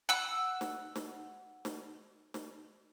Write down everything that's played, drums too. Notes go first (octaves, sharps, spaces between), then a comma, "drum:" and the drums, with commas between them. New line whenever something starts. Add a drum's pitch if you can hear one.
F#5 E6
drum: snare
drum: snare
drum: snare
drum: snare